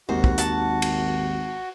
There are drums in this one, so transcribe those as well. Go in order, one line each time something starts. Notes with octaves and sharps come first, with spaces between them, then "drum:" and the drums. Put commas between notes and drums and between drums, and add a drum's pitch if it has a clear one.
G#1 D#2 F#4 C5
drum: kick
F#5 A5, drum: hi-hat
drum: cymbal